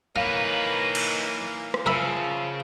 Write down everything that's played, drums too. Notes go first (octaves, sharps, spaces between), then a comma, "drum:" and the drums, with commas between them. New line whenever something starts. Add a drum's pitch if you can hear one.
E3 A#3 D#4 B4 C#5 F5
drum: cymbal
drum: rim click
C#3 F3 A#4 E5 B5